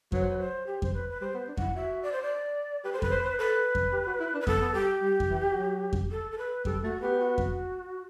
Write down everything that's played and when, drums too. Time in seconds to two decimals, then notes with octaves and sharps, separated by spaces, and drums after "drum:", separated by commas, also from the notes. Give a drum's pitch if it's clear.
0.12 F#3 B4, drum: kick F2
0.21 C5
0.30 B4
0.39 C5
0.67 G4
0.82 C5, drum: kick F2
0.94 B4
1.10 B4
1.21 G3 C5
1.34 B3
1.48 D4
1.57 E4 F#5, drum: kick F2
1.75 F#4 E5
2.03 D5
2.13 C5
2.22 D5
2.84 G4 B4
2.93 C5
2.98 A4
3.02 B4, drum: kick F2
3.11 C5
3.24 C5
3.39 A4 B4
3.75 drum: kick F2
3.93 G4
4.07 F#4
4.20 E4
4.34 D4
4.41 B4
4.47 B3 A4, drum: kick F2
4.62 B3
4.74 G3 G4
5.02 G3
5.20 drum: kick F2
5.30 E3
5.56 F#3
5.93 drum: kick F2
6.11 A4
6.32 A4
6.38 B4
6.65 G3 A4, drum: kick F2
6.84 A3 F#4
7.01 B3 G4
7.20 F#4
7.38 drum: kick F2